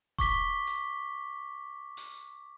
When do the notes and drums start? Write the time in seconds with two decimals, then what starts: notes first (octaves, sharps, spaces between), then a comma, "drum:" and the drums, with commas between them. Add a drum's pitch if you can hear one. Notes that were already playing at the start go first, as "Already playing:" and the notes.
0.19 C#6 D6 B6 G7, drum: kick E1
0.67 drum: hi-hat
1.97 drum: open hi-hat